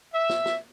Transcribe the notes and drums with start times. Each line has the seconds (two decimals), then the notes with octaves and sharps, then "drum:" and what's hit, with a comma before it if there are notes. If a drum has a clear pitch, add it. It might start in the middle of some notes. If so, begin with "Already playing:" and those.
0.14 E5
0.29 drum: snare
0.46 drum: snare